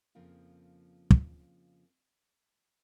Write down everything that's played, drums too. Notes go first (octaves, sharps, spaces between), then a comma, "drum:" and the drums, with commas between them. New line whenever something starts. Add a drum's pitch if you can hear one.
F2 C#3 F3 A#3 F4
drum: kick